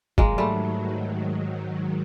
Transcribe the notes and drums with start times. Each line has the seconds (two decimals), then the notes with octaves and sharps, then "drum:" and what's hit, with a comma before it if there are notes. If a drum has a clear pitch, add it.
0.18 G#2 D#3 F#3 G#3 A#3, drum: kick
0.38 G3 A3